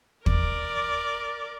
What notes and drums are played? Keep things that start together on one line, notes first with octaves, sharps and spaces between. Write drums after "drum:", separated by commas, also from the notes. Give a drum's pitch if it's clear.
A#4 D5, drum: kick